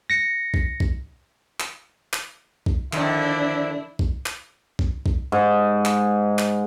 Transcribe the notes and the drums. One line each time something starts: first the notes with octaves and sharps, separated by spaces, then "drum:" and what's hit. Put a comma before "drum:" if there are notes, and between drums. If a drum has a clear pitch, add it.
A#6 C#7
drum: kick
drum: kick
drum: clap
drum: clap
drum: kick
F2 D3 D#3 D4 E4, drum: clap
drum: kick
drum: clap
drum: kick
drum: kick
G#2
drum: clap
drum: clap